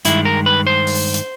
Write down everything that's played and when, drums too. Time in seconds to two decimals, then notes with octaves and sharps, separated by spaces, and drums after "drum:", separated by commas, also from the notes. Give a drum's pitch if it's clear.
0.05 G2 D#3 G#3 E4, drum: hi-hat
0.25 A#4
0.46 B4
0.67 C5
0.87 drum: open hi-hat
1.14 drum: hi-hat